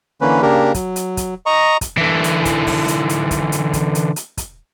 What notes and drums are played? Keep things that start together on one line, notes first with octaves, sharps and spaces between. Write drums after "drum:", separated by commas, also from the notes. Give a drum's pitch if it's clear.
D3 E3 A#3 C#4 B4
C#3 A#3 D4 G4 A#4
F#3, drum: kick, hi-hat
drum: hi-hat
drum: kick, hi-hat
D#5 A#5 C#6
drum: kick, hi-hat
D3 E3
drum: hi-hat
drum: kick, hi-hat
drum: kick, open hi-hat
drum: hi-hat
drum: hi-hat
drum: kick, hi-hat
drum: hi-hat
drum: kick, hi-hat
drum: hi-hat
drum: hi-hat
drum: kick, hi-hat